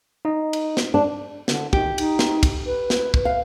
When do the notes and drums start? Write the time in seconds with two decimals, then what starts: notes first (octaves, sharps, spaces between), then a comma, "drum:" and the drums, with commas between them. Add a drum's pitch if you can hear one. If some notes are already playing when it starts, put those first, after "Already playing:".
0.25 D#4 D#5
0.53 drum: cymbal
0.77 drum: snare
0.94 D4
1.48 D3, drum: snare
1.73 D#3 G4, drum: kick
1.98 D#4, drum: cymbal
2.19 drum: snare
2.43 drum: kick, cymbal
2.66 B4
2.90 drum: snare
3.14 drum: kick
3.25 F5